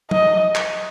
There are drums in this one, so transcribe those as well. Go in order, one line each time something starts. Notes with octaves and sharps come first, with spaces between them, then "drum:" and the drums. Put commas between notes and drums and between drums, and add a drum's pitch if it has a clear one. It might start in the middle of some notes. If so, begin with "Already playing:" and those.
D#5, drum: tom
drum: clap